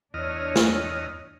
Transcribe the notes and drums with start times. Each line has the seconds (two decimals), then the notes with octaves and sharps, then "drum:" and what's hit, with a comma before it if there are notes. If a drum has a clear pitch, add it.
0.14 E2 D4 C#5 D#5 F6
0.56 drum: snare